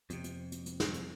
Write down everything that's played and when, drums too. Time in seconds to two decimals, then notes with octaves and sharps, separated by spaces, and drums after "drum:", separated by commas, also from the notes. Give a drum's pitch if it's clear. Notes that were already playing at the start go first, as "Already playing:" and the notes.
0.10 F2 C3, drum: hi-hat
0.24 drum: hi-hat
0.52 drum: hi-hat
0.66 drum: hi-hat
0.80 drum: snare
0.94 drum: hi-hat